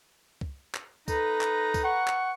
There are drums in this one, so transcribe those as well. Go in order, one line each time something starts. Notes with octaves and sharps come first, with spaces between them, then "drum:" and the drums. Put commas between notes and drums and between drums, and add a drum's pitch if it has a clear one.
drum: kick
drum: clap
D#4 A4 B4 A#5, drum: kick, tambourine
drum: clap
drum: kick, tambourine
F#5 C#6
drum: clap